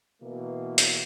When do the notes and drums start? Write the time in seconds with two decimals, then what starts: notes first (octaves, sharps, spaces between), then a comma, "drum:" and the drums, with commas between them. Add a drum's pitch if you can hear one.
0.22 B2 E3 A#3
0.78 drum: hi-hat